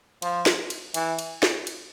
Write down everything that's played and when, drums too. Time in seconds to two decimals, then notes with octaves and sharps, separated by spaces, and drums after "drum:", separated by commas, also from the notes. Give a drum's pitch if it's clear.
0.22 F3, drum: cymbal
0.46 drum: snare
0.70 drum: cymbal
0.94 E3, drum: cymbal
1.19 drum: cymbal
1.43 drum: snare
1.67 drum: cymbal